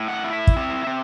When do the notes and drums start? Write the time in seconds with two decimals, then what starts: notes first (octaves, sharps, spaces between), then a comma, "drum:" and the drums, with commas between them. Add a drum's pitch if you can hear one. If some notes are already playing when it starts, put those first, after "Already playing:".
Already playing: A2
0.08 F#5
0.24 E4
0.33 E5
0.47 drum: kick
0.56 C4 E5
0.87 C4